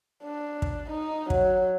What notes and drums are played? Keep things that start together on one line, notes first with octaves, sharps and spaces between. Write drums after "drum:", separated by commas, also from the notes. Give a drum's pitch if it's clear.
D4
drum: kick
D#4
F#3, drum: kick